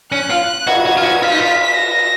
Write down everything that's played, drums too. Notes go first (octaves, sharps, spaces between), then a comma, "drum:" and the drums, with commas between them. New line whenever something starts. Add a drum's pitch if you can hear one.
C#4 F#6
F4
F#4 G#6, drum: cymbal
F#4
F4
F#4
F4 B6
D#4
F4
A#6